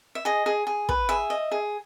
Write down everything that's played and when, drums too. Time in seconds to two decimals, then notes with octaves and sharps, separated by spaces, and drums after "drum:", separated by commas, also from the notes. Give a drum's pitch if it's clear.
0.15 E5
0.25 G#4 D#5
0.46 G#4
0.67 G#4
0.89 B4, drum: kick
1.09 G#4 E5
1.30 D#5
1.52 G#4